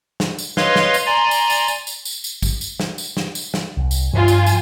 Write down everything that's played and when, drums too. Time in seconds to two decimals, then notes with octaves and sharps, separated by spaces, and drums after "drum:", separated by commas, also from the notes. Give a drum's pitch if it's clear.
0.20 drum: snare
0.38 drum: tambourine
0.57 B4 C#5 D#5 F5 C6, drum: snare
0.76 drum: snare
0.94 drum: tambourine
1.06 D5 G#5 A#5 C6
1.31 drum: tambourine
1.50 drum: tambourine
1.68 drum: tambourine
1.87 drum: tambourine
2.05 drum: tambourine
2.24 drum: tambourine
2.42 drum: kick, tambourine
2.61 drum: tambourine
2.80 drum: snare
2.98 drum: tambourine
3.17 drum: snare
3.35 drum: tambourine
3.54 drum: snare
3.77 C2
3.91 drum: tambourine
4.13 G2 F3 F4 G#5
4.28 drum: tambourine
4.46 drum: tambourine